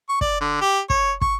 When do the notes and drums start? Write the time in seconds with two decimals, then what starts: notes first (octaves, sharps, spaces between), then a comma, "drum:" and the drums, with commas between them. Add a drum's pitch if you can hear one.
0.09 C#6
0.21 D5, drum: kick
0.41 D3
0.61 G4
0.90 C#5, drum: kick
1.21 C#6, drum: kick